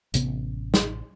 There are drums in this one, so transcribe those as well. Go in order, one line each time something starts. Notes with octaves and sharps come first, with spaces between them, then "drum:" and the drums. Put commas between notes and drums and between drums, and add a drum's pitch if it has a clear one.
A1 C3 B3, drum: hi-hat
drum: snare